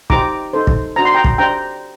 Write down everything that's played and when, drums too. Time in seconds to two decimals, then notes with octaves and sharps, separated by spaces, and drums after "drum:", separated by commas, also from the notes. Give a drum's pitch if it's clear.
0.10 D#4 G4 C5 A#5 D6, drum: kick
0.53 D#4 A4 C5
0.67 drum: kick
0.96 D4 F#4 C5 A#5
1.05 C6
1.15 G5 A#5
1.24 drum: kick
1.38 D4 G4 C5 G5 A#5